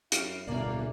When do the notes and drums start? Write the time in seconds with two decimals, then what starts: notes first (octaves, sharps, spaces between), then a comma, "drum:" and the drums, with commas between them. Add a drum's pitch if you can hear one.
0.12 F#2 E4 F5, drum: hi-hat
0.47 D1 G1 B2 G#3 A#3 B3 C#4 D5